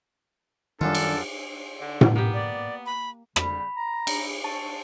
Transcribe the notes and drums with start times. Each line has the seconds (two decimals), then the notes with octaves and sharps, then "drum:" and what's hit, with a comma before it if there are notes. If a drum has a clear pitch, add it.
0.81 F#2 D#3 G3 D4 F4 A4
0.95 drum: cymbal
1.81 D3
2.01 drum: tom A2
2.15 A#3 B3 G4
2.33 D5
2.86 B5
3.36 F2 C#3 G3 B5, drum: rim click
3.76 A#5
4.07 drum: cymbal
4.44 A5 C#6